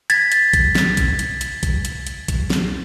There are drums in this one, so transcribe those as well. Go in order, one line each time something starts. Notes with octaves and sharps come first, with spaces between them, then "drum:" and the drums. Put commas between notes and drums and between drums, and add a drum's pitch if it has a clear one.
G#6 A6 B6, drum: hi-hat
drum: hi-hat
drum: kick, hi-hat
drum: snare
drum: kick, hi-hat
drum: hi-hat
drum: hi-hat
drum: kick, hi-hat
drum: hi-hat
drum: hi-hat
drum: kick, hi-hat
drum: snare